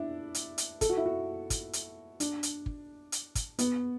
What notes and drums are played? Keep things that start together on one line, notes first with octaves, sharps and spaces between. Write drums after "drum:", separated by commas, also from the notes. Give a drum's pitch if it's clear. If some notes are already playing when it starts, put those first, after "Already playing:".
Already playing: D4 E4
drum: hi-hat
drum: hi-hat
A4, drum: kick, hi-hat
F#4
E4
F#4
drum: kick, hi-hat
drum: hi-hat
D4, drum: hi-hat
drum: hi-hat
drum: kick
drum: hi-hat
drum: kick, hi-hat
B3, drum: hi-hat